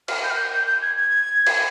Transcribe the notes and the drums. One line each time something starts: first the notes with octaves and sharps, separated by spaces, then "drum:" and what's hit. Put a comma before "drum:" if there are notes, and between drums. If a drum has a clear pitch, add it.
F6, drum: cymbal
G6
F6
G6
G6
G6
G#6
G#6
drum: cymbal